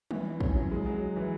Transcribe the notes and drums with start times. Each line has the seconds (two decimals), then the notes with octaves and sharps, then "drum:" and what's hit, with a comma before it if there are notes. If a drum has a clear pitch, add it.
0.11 E3, drum: tom F#3
0.41 C#4, drum: kick
0.56 F#3
0.71 G#3
0.86 F#3
1.16 E3